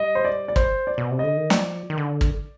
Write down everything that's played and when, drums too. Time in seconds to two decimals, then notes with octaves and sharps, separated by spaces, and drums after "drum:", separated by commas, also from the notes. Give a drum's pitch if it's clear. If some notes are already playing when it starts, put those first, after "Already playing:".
Already playing: G3 D#5
0.15 C5
0.25 D5
0.48 D5
0.56 C5, drum: kick
0.87 D5
0.98 B2
1.11 C3
1.19 D3 D#5
1.37 D#3
1.50 F3 D5, drum: snare
1.90 D#3
1.98 D3
2.21 drum: kick